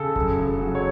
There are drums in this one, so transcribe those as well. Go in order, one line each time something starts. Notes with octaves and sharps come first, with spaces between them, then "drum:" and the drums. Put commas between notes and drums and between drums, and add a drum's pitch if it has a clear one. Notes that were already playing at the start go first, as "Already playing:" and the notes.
Already playing: C#3 A4
F#2, drum: kick E1
C#3
F#3
C#5